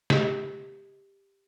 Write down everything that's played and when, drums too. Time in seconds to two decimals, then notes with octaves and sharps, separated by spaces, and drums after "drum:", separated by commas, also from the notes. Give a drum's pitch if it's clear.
0.10 G4 D#5, drum: snare